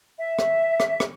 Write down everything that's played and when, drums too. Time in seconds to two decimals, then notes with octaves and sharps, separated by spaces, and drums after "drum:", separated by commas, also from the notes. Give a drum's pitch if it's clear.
0.18 E5
0.39 drum: rim click
0.80 drum: rim click
1.00 drum: rim click